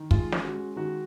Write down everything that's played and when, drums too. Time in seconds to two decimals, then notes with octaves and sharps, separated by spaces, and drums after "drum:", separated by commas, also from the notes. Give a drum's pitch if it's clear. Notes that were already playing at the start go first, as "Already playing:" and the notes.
Already playing: D#3
0.11 G#3 F4, drum: kick
0.32 C#4, drum: snare
0.44 F#4
0.54 G#3
0.76 D#3 F#4